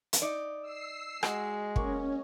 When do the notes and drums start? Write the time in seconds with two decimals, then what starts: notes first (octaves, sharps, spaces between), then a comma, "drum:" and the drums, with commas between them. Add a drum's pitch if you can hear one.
0.13 drum: hi-hat
0.22 D#4 D5
0.61 E6 C7
1.23 G#3 F#4 D#5, drum: rim click
1.76 A#3 C#4 C#6, drum: kick